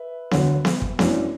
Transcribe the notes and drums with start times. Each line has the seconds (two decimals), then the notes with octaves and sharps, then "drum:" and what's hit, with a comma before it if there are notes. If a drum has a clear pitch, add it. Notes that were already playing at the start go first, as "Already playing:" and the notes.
Already playing: B4 E5
0.31 D2 D3 F#3, drum: snare B3
0.65 drum: snare B3
0.82 drum: kick
0.99 F#2 E3 A3 D4, drum: snare B3